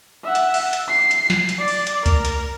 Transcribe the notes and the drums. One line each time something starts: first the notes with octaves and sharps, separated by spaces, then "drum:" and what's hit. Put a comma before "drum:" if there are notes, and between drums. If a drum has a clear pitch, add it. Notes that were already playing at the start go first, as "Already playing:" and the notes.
E5 F#5
drum: hi-hat
drum: open hi-hat
drum: hi-hat
C7
drum: hi-hat
drum: snare
drum: hi-hat
D5
drum: open hi-hat
drum: hi-hat
A#4, drum: kick C#2, hi-hat
drum: hi-hat